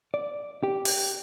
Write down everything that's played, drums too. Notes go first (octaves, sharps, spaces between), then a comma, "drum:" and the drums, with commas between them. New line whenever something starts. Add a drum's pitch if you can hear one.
D5
G4
drum: open hi-hat